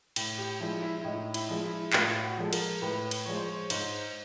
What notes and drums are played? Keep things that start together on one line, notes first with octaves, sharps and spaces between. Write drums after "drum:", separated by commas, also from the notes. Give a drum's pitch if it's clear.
A2, drum: cymbal
G4
F3 G#3 E4
E4
E4
A2 D#4
E4, drum: cymbal
F3 G#3
E4
A2 F4, drum: clap
F#4
F3 G#3 A4
A#4, drum: cymbal
A2 B4
drum: cymbal
F3 G#3 C#5
C5
C#5
G#2 C5, drum: cymbal